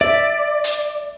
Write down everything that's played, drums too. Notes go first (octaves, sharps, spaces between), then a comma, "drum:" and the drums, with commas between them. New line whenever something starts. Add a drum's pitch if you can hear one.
D5 E5
drum: hi-hat